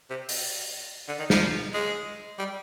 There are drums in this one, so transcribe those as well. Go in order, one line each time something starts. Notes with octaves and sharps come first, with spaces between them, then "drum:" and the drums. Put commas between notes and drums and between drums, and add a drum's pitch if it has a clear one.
C3
drum: open hi-hat
D3
D#3
F3, drum: snare
G#3
G3